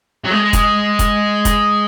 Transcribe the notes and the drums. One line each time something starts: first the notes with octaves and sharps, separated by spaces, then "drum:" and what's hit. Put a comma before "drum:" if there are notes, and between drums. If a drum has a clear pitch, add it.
F#3
G#3
drum: kick, hi-hat
drum: kick, hi-hat
drum: kick, hi-hat